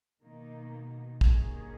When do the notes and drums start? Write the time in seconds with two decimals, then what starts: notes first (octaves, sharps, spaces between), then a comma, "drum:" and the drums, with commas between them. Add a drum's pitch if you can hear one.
0.22 B2 D#3 A#3 D#4
1.21 G2 D#3 A#3 C#4 G#4, drum: kick